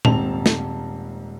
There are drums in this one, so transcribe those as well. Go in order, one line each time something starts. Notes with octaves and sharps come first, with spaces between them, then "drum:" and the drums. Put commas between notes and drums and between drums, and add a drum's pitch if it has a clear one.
D#1 G#2 C4 A5 F7, drum: tom A#2
drum: snare